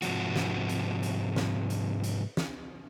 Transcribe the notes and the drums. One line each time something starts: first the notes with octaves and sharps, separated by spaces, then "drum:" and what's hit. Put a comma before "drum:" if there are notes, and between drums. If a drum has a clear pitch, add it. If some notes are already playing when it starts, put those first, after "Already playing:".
G#2 C3 F3 F#4, drum: hi-hat
drum: snare
drum: hi-hat
drum: hi-hat
drum: snare
drum: hi-hat
drum: hi-hat
drum: snare